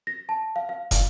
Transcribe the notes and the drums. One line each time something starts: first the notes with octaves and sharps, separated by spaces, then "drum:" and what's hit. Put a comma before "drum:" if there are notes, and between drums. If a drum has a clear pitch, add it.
A#6
A5
F5
F5
drum: kick, hi-hat